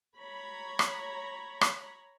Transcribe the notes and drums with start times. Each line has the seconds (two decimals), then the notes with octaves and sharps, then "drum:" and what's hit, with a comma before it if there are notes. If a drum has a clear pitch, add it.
0.17 C#5 A#5 B5
0.79 drum: rim click
1.61 drum: rim click